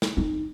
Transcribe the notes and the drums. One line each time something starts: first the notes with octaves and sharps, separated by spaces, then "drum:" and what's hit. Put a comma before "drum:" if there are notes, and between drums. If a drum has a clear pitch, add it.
drum: snare
D#4